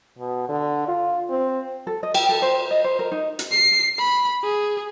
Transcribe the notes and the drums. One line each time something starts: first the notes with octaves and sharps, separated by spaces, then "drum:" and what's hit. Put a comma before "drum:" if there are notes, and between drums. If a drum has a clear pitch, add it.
B2
D3
F4
C4
A4
D#5
G5, drum: cymbal
A4
C5
D#5
C5
A#4
D#4
drum: hi-hat
C7
B5
G#4